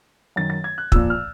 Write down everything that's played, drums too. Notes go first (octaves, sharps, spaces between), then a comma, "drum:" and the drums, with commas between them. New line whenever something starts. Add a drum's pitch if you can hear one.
F#2 D#3 A6
A6
G#6
F#6
A#2 F3 E6, drum: kick
F6